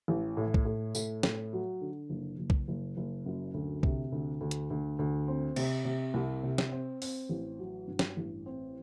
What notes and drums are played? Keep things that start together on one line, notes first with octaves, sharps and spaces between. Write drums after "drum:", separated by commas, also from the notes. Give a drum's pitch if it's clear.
A1
A2
drum: kick B1
A2
A2, drum: tambourine
A2, drum: snare
F#3
D3
F#1
F#1
drum: kick B1
F#1
F#1
F#2
D2
C3, drum: kick B1
D2
D2
drum: hi-hat
D2
D2
C4
C3, drum: cymbal
C3
C2
C3
drum: snare
C4
C4, drum: open hi-hat
A1
F#3
G2
drum: snare
A1
C4